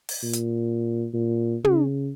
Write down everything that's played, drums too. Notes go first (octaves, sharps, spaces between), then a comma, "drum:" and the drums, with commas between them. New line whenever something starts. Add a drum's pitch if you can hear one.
drum: open hi-hat
A#2
drum: hi-hat
A#2
C#3, drum: tom